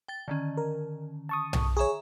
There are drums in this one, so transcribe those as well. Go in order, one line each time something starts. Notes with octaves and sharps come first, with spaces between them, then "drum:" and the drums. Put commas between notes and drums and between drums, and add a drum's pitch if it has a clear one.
G5 A6
D3 D#3 C#4
A#4
A5 C#6 D#6
drum: tom B1
G#4 C#5 E5 A#5 C#6